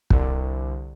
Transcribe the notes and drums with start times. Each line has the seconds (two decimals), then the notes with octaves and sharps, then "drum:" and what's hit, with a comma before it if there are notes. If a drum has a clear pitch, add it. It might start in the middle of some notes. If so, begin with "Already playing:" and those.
0.10 C2 D3, drum: kick